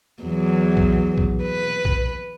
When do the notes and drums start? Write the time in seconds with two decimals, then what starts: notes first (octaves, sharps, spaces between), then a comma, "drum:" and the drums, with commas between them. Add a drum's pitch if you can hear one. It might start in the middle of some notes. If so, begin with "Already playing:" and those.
0.23 E2 F#3
0.77 drum: kick
1.18 drum: kick
1.42 B4
1.85 drum: kick